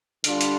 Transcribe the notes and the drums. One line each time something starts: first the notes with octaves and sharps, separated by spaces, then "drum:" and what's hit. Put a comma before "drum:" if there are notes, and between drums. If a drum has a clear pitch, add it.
D3 G3 D4 F4, drum: hi-hat
drum: hi-hat